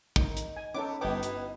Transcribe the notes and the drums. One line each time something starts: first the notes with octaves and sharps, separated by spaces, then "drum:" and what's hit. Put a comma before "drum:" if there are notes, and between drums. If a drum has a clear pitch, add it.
D#3 D#4, drum: kick
drum: hi-hat
G#5
B3 C#4 D#4 A4 D6
G1 B2 B3 D#4 E4 G5 D6
drum: hi-hat